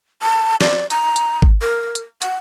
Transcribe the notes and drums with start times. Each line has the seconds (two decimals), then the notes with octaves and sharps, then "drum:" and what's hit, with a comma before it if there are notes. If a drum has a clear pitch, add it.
0.22 A5
0.61 D5, drum: snare
0.90 A#5, drum: hi-hat
1.16 drum: hi-hat
1.42 drum: kick G#1
1.61 A#4
1.95 drum: hi-hat
2.22 F#5, drum: hi-hat